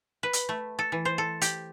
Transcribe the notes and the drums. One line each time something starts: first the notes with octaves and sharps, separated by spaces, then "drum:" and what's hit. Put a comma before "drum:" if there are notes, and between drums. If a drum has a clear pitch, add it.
B4
drum: hi-hat
A3
A4
E3
C5
A4
G4, drum: hi-hat